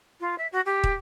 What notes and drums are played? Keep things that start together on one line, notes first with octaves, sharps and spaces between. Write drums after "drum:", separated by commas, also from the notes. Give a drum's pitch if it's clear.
F4
E5
F#4
G4
drum: kick